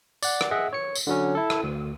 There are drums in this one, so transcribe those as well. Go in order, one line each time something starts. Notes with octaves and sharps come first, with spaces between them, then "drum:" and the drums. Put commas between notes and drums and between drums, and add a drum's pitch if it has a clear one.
D5 F#5, drum: tambourine
drum: rim click
G#4 D#5 E5 F#5
C#5 C#7
drum: tambourine
D3 F#3 C#4
E4 A4
drum: rim click
D2